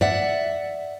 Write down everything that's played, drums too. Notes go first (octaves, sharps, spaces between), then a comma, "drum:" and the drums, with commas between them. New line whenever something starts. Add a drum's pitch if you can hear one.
D5 E5 F#5, drum: tom G2